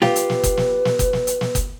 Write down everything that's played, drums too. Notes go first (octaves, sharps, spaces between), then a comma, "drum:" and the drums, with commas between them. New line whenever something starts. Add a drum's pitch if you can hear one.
F4 G4 B4, drum: snare
drum: hi-hat
drum: snare
drum: kick F#1, hi-hat
drum: snare
drum: snare
drum: kick F#1, hi-hat
drum: snare
drum: hi-hat
drum: snare
drum: kick F#1, hi-hat